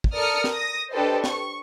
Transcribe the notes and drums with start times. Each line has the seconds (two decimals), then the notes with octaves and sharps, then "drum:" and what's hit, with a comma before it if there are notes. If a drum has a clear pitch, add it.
0.04 drum: kick
0.14 A4 A#4 D5 D#6 F6 C#7
0.44 drum: snare
0.53 D#6 A#6
0.91 D4 G4 A4 B4 C5 D#5
1.24 C#6, drum: snare